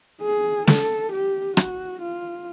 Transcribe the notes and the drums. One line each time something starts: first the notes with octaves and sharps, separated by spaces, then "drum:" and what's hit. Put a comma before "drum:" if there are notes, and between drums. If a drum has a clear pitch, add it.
G#4
A4, drum: snare
G4
F#4, drum: rim click
F4